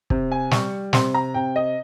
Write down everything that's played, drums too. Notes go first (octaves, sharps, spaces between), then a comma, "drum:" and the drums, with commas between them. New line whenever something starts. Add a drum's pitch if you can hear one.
C3, drum: kick
G#5
G3 C#6, drum: snare
C3 C6, drum: snare
A#5
C3 G5
D#5